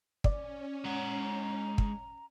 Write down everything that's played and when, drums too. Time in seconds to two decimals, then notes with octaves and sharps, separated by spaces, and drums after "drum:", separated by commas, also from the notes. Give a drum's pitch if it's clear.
0.24 C#4 D5, drum: kick
0.85 G#3 F#5 A#5
1.78 drum: kick